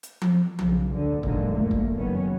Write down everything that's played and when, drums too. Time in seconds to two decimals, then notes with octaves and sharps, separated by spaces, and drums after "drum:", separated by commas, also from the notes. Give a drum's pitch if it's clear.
0.03 drum: hi-hat
0.22 drum: tom F3
0.59 B1 C#3, drum: tom F3
0.94 D2 D3
1.23 C#2 F#2 A#2 D3 D#3 A#3, drum: kick
1.53 A3 A#3
1.71 drum: kick
1.95 F#1 F#2 D#3 B3 C#4